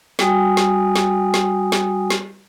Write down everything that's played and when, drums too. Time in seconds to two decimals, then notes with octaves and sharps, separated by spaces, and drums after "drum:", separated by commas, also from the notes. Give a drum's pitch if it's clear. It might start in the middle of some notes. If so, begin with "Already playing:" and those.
0.19 G3 F#4 G5 G#5 D#6, drum: snare
0.57 drum: snare
0.95 drum: snare
1.34 drum: snare
1.72 drum: snare
2.10 drum: snare